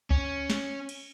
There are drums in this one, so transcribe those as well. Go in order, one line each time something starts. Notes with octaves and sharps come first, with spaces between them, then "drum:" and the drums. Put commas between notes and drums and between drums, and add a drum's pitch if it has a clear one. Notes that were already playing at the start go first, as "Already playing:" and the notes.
C#4, drum: kick C#2
drum: snare
drum: cymbal